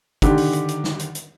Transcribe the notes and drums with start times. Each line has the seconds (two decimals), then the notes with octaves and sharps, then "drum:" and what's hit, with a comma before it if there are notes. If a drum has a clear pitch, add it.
0.22 D3 D#3 G4, drum: kick, hi-hat
0.38 drum: open hi-hat
0.53 drum: hi-hat
0.69 drum: hi-hat
0.84 drum: snare
0.99 drum: hi-hat
1.15 drum: hi-hat